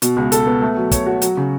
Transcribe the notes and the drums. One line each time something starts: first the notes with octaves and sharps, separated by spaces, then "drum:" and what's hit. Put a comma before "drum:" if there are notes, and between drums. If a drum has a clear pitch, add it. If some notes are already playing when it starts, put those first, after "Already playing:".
B2, drum: hi-hat
C#2
A4, drum: hi-hat
B3
A3
F#3
C#5, drum: kick, hi-hat
F#4
F#3, drum: hi-hat
C#3